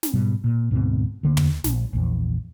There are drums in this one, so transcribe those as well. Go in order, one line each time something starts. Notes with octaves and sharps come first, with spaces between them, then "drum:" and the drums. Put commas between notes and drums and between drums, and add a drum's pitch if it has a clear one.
drum: snare
G#2 B2 G3
A#2
D2 G#2 B2 C4
D2 D3 A#3
drum: tom
A#1, drum: snare
A#1 E2